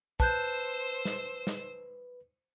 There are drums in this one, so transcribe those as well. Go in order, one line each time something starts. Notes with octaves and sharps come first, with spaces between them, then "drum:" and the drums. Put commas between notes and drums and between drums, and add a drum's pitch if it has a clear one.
B4 C5 A5 E6 F#6 G6, drum: kick
drum: snare
drum: snare